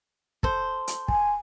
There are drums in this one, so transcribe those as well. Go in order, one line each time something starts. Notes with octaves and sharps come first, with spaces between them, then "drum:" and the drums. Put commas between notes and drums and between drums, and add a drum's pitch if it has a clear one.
A4 C5, drum: kick
drum: hi-hat
G#5, drum: kick